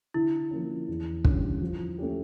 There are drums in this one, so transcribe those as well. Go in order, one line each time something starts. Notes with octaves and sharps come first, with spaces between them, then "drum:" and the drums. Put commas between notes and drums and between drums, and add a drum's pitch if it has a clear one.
D3 E4
F3 A#3 C#4
E2
D3 G3 C#4, drum: kick
F3
A3 C#4 G4